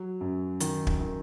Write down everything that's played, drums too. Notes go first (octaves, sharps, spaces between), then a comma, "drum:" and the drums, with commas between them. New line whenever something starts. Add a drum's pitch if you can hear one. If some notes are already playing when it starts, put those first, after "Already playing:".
Already playing: F#3
F#2
D#3, drum: hi-hat
drum: kick
D#3